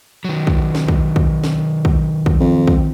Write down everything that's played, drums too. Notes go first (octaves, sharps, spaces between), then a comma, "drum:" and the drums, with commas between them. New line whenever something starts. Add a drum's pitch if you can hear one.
D#3 F#3
drum: kick
drum: snare
drum: kick
drum: kick
drum: snare
drum: kick
drum: kick
F2
drum: kick